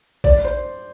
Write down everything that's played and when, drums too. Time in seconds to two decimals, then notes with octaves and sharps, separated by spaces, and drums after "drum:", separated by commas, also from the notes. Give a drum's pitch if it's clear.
0.24 D5, drum: kick A#1
0.45 C5